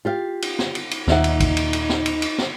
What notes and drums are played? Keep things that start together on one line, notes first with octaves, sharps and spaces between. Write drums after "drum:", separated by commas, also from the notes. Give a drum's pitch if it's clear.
F4 G4 F5
drum: cymbal
drum: snare
drum: cymbal
drum: cymbal
D#2 A#2 D#4 E5 F#5, drum: snare
drum: cymbal
drum: kick, cymbal
drum: cymbal
drum: cymbal
drum: snare
drum: cymbal
drum: cymbal
drum: snare